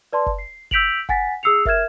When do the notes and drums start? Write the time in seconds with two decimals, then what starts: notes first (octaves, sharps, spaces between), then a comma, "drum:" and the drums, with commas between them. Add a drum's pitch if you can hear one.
0.13 B4 D5 A5 C6
0.26 drum: kick F#1
0.39 C7
0.71 E6 G6 B6 D7 F7 F#7, drum: kick F#1
1.09 F#5 G#5 A6 B6, drum: kick F#1
1.43 G#4 D#6 E6 C7 C#7 F7
1.65 A#4 E5 F6 G#6 E7, drum: kick F#1